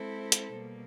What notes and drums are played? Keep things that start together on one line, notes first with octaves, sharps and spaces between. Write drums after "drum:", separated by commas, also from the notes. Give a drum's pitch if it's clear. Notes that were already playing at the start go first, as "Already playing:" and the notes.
Already playing: G#3 C4 E4 A4 C5
drum: hi-hat
B2 G3 A#3